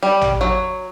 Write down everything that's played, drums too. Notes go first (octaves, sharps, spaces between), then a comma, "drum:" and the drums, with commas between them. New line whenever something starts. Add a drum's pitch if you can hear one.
G3
drum: tom A1
F#3